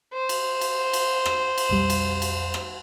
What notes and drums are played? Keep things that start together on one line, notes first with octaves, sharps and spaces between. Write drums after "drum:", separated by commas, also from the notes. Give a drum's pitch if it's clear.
C5
drum: cymbal
drum: cymbal
drum: cymbal
drum: rim click
drum: cymbal
B1 F2 G3
drum: cymbal
drum: cymbal
drum: rim click